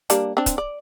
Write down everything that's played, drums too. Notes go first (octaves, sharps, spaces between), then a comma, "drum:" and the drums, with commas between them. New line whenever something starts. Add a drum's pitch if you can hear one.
G3 A#3 D4, drum: hi-hat
C4 D4
drum: kick, hi-hat
D5